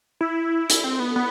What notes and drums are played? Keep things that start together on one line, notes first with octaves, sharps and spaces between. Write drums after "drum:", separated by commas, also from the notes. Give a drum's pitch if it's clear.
E4
drum: hi-hat
C4
B3
B3